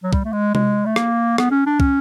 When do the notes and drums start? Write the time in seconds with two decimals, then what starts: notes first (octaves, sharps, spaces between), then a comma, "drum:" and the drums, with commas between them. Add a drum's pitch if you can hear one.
0.03 F#3
0.13 G3, drum: kick
0.25 A3
0.33 G#3
0.55 G#3, drum: tom C3
0.86 A3
0.96 A#3, drum: rim click
1.38 B3, drum: rim click
1.51 C#4
1.66 D4
1.80 C#4, drum: kick